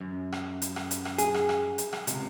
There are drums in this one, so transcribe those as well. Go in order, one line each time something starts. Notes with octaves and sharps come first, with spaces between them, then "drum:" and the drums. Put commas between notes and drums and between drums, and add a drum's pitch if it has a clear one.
F#2
drum: rim click
drum: hi-hat
drum: rim click
drum: hi-hat
drum: rim click
G#4, drum: hi-hat
drum: rim click
drum: rim click
drum: hi-hat
drum: rim click
C#2 C3, drum: hi-hat